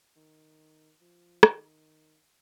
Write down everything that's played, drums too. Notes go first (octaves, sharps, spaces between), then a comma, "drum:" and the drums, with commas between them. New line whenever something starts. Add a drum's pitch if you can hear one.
D#3
F3
D#3, drum: rim click